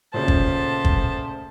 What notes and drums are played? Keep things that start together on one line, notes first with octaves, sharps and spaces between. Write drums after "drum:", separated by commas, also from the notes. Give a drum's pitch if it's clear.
A#2 C#3 A3 B3 C5 A5
drum: kick
drum: kick